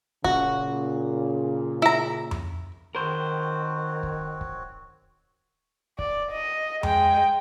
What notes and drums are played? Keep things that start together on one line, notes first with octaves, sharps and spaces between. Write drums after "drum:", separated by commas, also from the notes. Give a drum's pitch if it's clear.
A#2 C#3 F#4, drum: kick
E4 A#5
drum: tom F2
D#3 C4 F#4 A#4 C5 C#5
drum: kick
drum: kick
D5, drum: kick
D#5
G#3 G5, drum: tom F2